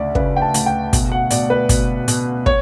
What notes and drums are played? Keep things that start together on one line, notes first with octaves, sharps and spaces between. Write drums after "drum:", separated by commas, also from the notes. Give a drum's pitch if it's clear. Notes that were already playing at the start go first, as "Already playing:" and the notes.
Already playing: D2 C#3 D5
C#3 B4, drum: kick
G5
A5
D2, drum: hi-hat
G5
B2, drum: kick, hi-hat
F#5
B2 D5, drum: hi-hat
B4
B2, drum: kick, hi-hat
B2, drum: hi-hat
C#5, drum: kick